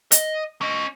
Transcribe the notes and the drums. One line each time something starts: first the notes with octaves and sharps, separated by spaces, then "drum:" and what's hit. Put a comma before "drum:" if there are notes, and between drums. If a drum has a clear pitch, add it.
D#5, drum: hi-hat
C#4 D#5